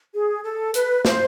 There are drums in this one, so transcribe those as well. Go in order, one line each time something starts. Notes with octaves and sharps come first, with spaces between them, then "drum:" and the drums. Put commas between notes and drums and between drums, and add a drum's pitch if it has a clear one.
G#4
A4
B4, drum: hi-hat
C5, drum: snare